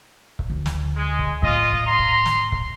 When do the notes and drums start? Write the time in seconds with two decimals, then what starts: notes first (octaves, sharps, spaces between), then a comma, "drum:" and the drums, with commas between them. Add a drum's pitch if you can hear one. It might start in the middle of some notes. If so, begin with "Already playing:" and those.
0.39 drum: kick C#1
0.50 D2
0.66 drum: snare
0.96 G#3
1.19 drum: kick C#1
1.42 A2 F4 D#5
1.72 drum: kick C#1
1.86 A#5 C6
1.99 drum: kick C#1
2.26 drum: snare
2.52 drum: kick C#1